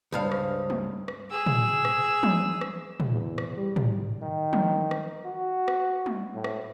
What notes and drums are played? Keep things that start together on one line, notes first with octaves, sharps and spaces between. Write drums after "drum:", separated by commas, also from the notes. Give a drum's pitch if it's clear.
C#2 G2 G3 C5 F5 D#6
drum: rim click
drum: tom
drum: rim click
G#4 E6
drum: tom
drum: rim click
drum: tom
drum: rim click
drum: tom
E2
drum: rim click
G3
drum: tom
D#3
drum: tom
drum: rim click
F#4
drum: rim click
drum: tom
A2
drum: rim click